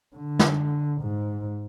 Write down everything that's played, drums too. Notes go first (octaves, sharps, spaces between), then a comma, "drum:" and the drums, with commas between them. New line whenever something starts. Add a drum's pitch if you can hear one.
D3
drum: snare
G#2